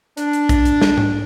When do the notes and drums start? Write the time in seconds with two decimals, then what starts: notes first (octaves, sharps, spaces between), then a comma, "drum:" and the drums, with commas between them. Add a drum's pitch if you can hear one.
0.17 D4, drum: hi-hat
0.33 drum: hi-hat
0.49 drum: kick, hi-hat
0.65 drum: hi-hat
0.81 drum: snare
0.97 drum: tom G#2